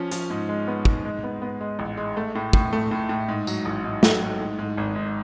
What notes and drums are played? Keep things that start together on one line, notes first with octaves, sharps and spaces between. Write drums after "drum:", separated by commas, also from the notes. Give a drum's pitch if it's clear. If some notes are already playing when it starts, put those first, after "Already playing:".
Already playing: F3 C#4
F3, drum: hi-hat
G#2
G#3
B3
G#2, drum: kick
G#3
B3
B3
G#3
A1
G#3
A3
A2
A2, drum: kick
A3
A2
A2
G#2
F#3, drum: tambourine
A1
G#2
F#3, drum: snare
G#2
G#2
G#2
G#1
G#2